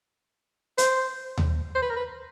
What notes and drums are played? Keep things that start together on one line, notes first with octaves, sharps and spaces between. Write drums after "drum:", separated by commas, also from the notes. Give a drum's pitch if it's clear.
C5, drum: hi-hat
drum: tom D#2
C5
B4
A#4
B4